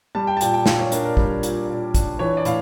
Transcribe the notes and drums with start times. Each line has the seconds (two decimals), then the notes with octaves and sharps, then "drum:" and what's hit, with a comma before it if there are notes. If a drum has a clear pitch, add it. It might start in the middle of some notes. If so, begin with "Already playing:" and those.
0.15 G3 A5
0.27 G5
0.37 A5
0.41 A#2 G5, drum: hi-hat
0.53 G5
0.66 A#2 F5, drum: snare
0.79 C#5
0.92 D4 A#4, drum: hi-hat
1.05 A#4
1.17 G3, drum: kick
1.43 A#2, drum: hi-hat
1.68 A#2
1.94 D4, drum: kick, hi-hat
2.19 E3 C#5
2.37 D5
2.45 A2 F5, drum: hi-hat